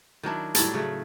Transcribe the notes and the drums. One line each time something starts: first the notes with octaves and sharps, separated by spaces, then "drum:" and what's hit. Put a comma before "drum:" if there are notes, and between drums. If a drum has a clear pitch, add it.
D#3 F#3 D4 E4
A2 F#3 G3 A4, drum: hi-hat
C#3 F#3 A3